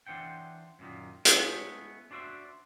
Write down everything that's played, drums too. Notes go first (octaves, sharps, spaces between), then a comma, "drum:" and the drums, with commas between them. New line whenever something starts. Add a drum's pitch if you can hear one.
E3 D4 C5 F#5 G5
F#2 A#2 D#3
G#3 A3 B3 G#4, drum: hi-hat
D4 F#4 C5 D5 E5